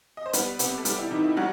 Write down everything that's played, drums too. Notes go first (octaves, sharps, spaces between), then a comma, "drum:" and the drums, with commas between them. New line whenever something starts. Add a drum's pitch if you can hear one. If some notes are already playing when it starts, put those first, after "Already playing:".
D#5
C5
G3 B3 B4, drum: hi-hat
C3 B3 B4, drum: hi-hat
A4
G3 G4, drum: hi-hat
E4
D#3 D#4
E4
F#3 G3 F#4